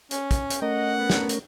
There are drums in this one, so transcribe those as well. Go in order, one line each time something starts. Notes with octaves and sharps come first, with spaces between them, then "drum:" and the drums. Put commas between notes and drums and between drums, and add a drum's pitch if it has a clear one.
C#4, drum: hi-hat
drum: kick, hi-hat
drum: hi-hat
A3 C#4 A#4 D#5 F#5
B3
drum: snare
drum: hi-hat